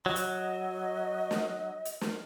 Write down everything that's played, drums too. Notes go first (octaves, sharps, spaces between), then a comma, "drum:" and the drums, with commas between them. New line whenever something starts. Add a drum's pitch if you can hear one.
F#3 D#5
drum: hi-hat
drum: snare
drum: hi-hat
drum: snare